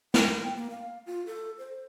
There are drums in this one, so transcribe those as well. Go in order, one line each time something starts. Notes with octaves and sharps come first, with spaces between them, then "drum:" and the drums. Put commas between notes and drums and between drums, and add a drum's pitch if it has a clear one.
G5, drum: snare
A#3
F5
F4
A4
C5